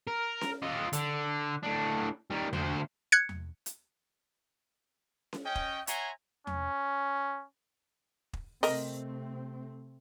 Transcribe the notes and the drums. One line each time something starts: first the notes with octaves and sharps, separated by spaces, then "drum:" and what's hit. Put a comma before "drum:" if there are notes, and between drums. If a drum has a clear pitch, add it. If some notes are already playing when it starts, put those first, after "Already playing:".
A#4
drum: snare C#4
F4 D#5
D3, drum: hi-hat
A2 D4
D#3 G3
D2 C5, drum: tom E2
F#6 G#6 C#7
drum: tom E2
drum: hi-hat
drum: snare C#4
C#4 D#5 G5
drum: kick
C#5 E5 F#5 G#5 A#5 C6, drum: hi-hat
C#4, drum: tom E2
drum: kick
C3 A3 C4 A#4 D#5, drum: open hi-hat